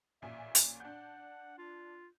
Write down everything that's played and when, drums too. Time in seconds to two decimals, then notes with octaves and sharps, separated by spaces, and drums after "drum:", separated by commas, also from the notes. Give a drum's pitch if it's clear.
0.22 A1 A#2 E5 G#5
0.55 drum: hi-hat
0.80 D4 F#5 G6
1.58 F4